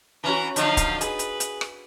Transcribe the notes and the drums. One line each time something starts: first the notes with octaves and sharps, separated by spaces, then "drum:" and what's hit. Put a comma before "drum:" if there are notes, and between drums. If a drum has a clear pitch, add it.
E3 C#4 F#4 A#5
D3 F3 F#3 D#4 F5, drum: hi-hat
drum: kick, hi-hat
G#4 B4, drum: hi-hat
drum: hi-hat
drum: hi-hat
drum: rim click